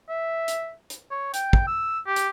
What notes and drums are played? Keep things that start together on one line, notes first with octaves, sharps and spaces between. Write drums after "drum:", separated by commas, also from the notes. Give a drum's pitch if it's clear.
E5
drum: hi-hat
drum: hi-hat
C#5
G5, drum: hi-hat
drum: kick
E6
G4
drum: hi-hat